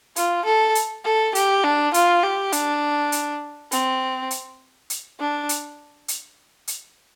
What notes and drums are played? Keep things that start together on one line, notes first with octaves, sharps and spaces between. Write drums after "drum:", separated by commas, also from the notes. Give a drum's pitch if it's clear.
F4, drum: hi-hat
A4
drum: hi-hat
A4
G4, drum: hi-hat
D4
F4, drum: hi-hat
G4
D4, drum: hi-hat
drum: hi-hat
C4, drum: hi-hat
drum: hi-hat
drum: hi-hat
D4
drum: hi-hat
drum: hi-hat
drum: hi-hat